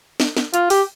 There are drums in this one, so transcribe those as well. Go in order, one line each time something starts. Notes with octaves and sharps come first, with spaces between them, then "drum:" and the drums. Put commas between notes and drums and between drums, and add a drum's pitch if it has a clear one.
drum: snare
drum: snare
F4, drum: hi-hat
G4, drum: open hi-hat